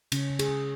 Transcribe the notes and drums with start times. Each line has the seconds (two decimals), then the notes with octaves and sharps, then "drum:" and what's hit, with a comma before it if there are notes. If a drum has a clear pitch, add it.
0.12 C#3 C#4, drum: cymbal
0.30 C#3
0.39 G#4, drum: cymbal
0.49 C#3